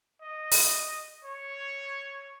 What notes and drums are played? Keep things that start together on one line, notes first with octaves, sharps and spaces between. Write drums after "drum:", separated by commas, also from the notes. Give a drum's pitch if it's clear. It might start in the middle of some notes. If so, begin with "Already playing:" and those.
D#5
drum: open hi-hat
C#5